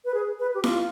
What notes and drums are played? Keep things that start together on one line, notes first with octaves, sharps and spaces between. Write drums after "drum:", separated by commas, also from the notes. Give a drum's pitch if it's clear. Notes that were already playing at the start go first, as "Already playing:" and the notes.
B4
G#4
B4
G4
F4, drum: snare E4